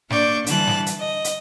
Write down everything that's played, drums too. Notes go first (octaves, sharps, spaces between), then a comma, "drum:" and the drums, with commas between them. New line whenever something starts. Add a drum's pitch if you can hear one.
A#3 D4 D5 C#6 G6, drum: snare
D3 E3 G3 A5 F#6, drum: hi-hat
drum: snare
drum: hi-hat
D#5
drum: hi-hat